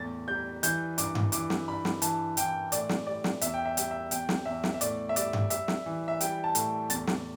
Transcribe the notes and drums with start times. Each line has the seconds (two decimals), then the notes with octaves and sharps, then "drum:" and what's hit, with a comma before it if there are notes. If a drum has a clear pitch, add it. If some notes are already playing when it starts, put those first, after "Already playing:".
Already playing: E2 A2 A6
0.28 G3 G6
0.63 E3 G6, drum: hi-hat
0.98 G2 D6, drum: hi-hat
1.15 drum: tom G2
1.32 E3 D6, drum: hi-hat
1.50 drum: snare
1.68 G2 B5
1.85 drum: snare
2.02 E3 A5, drum: hi-hat
2.37 E3 G5, drum: hi-hat
2.72 A2 D5, drum: hi-hat
2.89 drum: snare
3.07 G3 D5
3.24 drum: snare
3.41 E2 E5, drum: hi-hat
3.54 G5
3.65 E5
3.77 G3 G5, drum: hi-hat
3.91 E5
4.11 E2 G5, drum: hi-hat
4.29 drum: snare
4.46 E2 E5
4.64 drum: snare
4.74 E5
4.81 A2 D5, drum: hi-hat
5.09 E5
5.16 G3 D5, drum: hi-hat
5.33 drum: tom G2
5.50 G3 E5, drum: hi-hat
5.68 drum: snare
5.86 E3
6.08 E5
6.21 G3 G5, drum: hi-hat
6.44 A5
6.55 A2, drum: hi-hat
6.90 E2 A6, drum: hi-hat
7.07 drum: snare